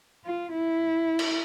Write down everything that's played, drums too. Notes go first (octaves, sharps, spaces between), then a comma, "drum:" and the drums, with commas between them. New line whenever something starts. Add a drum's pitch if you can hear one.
F4
E4
drum: cymbal